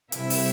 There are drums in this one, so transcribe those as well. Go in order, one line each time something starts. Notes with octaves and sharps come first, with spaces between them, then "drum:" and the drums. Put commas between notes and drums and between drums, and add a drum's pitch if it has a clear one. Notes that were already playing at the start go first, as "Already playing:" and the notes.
C3 G3 C4 E4 E5, drum: hi-hat
drum: open hi-hat